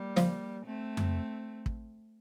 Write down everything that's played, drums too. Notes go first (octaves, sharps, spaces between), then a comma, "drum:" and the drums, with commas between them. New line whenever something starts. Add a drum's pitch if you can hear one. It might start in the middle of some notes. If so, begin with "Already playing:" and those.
Already playing: G3 A#3
F3, drum: snare
A3 C4
drum: tom F2
drum: kick